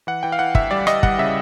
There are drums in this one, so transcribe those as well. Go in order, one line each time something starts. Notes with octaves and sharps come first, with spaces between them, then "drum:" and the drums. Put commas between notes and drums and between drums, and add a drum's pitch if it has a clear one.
E3 F#5
E3 G5
F5
E3 F#5
D2 E5, drum: kick
G3 D5
G3 D#5, drum: rim click
G3 F#5, drum: kick
C#3 E5